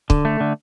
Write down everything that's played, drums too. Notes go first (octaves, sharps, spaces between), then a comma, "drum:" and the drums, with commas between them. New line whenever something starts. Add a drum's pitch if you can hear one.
D3, drum: kick
A3
D3